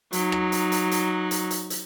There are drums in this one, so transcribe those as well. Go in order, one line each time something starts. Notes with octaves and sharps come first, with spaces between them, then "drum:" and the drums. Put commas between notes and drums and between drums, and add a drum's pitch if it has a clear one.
F#3 D#4, drum: hi-hat
drum: rim click
drum: hi-hat
drum: hi-hat
drum: hi-hat
drum: hi-hat
drum: hi-hat
drum: hi-hat